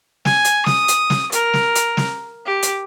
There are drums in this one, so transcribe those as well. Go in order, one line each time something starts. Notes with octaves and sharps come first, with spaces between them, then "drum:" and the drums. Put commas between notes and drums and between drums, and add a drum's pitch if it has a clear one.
G#5, drum: snare
drum: hi-hat
D#6, drum: snare
drum: hi-hat
drum: snare
A#4, drum: hi-hat
drum: snare
drum: hi-hat
drum: snare
G4
drum: hi-hat